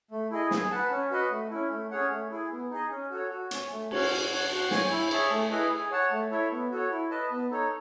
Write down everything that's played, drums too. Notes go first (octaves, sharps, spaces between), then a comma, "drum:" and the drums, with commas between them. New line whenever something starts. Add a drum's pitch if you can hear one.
A3
E4 G#4 D#5
G#4, drum: snare
B4 F#5 A5
C#4
F#4 B4 D#5 F#5
A3
C#4 E4
A3
C#4 G#4 C#5 F#5
A3
E4 G#4
B3
D#4 G#4 D#5
C#4
F#4 A4 C#5
F#4
C#5 G#5, drum: hi-hat
A3
C#4 F#4 C#5, drum: cymbal
F#4
C#5 F#5 A5
F#4
C#5 G#5, drum: snare
E4
G#4 C#5 E5 A5, drum: cymbal
A3
E4 G#4 B4 D#5
G#4
C#5 F#5 A5
A3
E4 A4 C#5 E5
B3
F#4 A4 C#5
E4
B4 D#5 A5
B3
D#4 A4 C#5